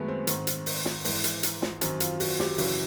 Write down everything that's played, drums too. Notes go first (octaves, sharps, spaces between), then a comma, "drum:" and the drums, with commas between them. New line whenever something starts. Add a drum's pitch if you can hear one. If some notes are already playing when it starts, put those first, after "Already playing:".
Already playing: F#2 D#3 G#3 A3 B3
C4
G#2 D#3, drum: hi-hat
drum: hi-hat
drum: open hi-hat
drum: snare
G#2 E3, drum: open hi-hat
drum: hi-hat
drum: hi-hat
drum: snare
F#2 D#3 C4, drum: hi-hat
F4, drum: hi-hat
F#4, drum: open hi-hat
G4, drum: snare
F#2 C#3 E3 F#4, drum: open hi-hat